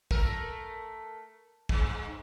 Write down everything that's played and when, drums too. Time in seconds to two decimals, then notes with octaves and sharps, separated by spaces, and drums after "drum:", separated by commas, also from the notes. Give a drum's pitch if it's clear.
0.11 A3 A4 A#4, drum: kick
1.69 G2, drum: kick